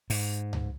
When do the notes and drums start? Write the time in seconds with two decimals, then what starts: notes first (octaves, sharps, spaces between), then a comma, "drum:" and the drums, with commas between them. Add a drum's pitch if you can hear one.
0.10 G#2, drum: open hi-hat
0.53 drum: tom C#2